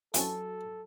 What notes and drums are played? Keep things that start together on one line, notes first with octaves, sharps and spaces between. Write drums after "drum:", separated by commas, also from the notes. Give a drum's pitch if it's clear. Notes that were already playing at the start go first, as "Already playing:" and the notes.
E3 F#3 C4 C#4 F#4 A4 A5, drum: hi-hat